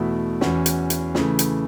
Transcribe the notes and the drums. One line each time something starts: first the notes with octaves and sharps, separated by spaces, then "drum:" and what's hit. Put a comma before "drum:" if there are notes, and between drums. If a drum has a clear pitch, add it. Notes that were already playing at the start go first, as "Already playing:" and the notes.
Already playing: E2 B2 A3 E4
E2 E3 C#4 F#4, drum: snare
drum: hi-hat
drum: hi-hat
C#3 E3 A3, drum: snare
drum: hi-hat